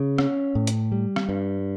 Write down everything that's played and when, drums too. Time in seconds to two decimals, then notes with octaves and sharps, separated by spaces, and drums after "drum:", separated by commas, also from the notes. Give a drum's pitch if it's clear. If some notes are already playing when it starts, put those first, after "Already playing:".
Already playing: C#3
0.18 C#4, drum: rim click
0.55 A2
0.67 drum: hi-hat
0.92 G3
1.16 drum: rim click
1.29 G2